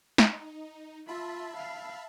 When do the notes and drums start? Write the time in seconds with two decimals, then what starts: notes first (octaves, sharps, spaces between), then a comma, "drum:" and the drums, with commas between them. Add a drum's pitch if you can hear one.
0.18 D#4, drum: snare
1.08 F4 E5 A5 B5
1.57 F5